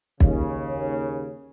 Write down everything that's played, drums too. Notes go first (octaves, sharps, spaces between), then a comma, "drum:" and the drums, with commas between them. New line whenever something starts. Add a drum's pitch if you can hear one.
D#2 C#3, drum: kick